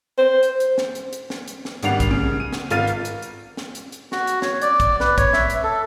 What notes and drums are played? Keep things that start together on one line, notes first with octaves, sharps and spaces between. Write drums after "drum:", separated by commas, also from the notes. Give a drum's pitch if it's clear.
C5
drum: hi-hat
drum: hi-hat
drum: snare
drum: hi-hat
drum: hi-hat
drum: snare
drum: hi-hat
drum: snare
G#1 G3 D4 F#5 C7 F7, drum: hi-hat
drum: kick, hi-hat
C#3
D#7
drum: snare
G#1 F4 F6 A6 D#7, drum: hi-hat
drum: hi-hat
drum: hi-hat
drum: hi-hat
drum: snare
drum: hi-hat
drum: hi-hat
F#4, drum: snare
drum: hi-hat
C#5, drum: snare
D5, drum: hi-hat
drum: kick, hi-hat
B4, drum: snare
C#5, drum: kick, hi-hat
E5, drum: snare
drum: hi-hat
A4